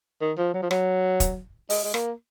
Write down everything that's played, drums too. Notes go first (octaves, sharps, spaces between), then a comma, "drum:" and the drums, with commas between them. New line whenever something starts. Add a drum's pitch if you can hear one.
D#3
F3
F#3
F3
F#3, drum: rim click
drum: kick, hi-hat
G#3, drum: open hi-hat
G#3
A#3, drum: rim click